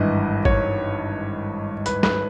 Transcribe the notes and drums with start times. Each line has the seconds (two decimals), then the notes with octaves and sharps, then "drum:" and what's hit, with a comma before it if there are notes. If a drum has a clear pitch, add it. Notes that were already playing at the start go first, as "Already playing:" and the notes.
Already playing: G#1 G2 E3 D#5
0.45 C#5, drum: kick
1.86 B4, drum: hi-hat
2.03 B4, drum: snare